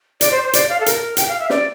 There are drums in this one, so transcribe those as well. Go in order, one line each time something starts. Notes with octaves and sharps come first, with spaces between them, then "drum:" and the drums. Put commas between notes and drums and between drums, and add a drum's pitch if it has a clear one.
D5, drum: hi-hat
C5
C5
D5, drum: hi-hat
F5
A4
A#4, drum: hi-hat
G5, drum: hi-hat
F5
E5
D5, drum: snare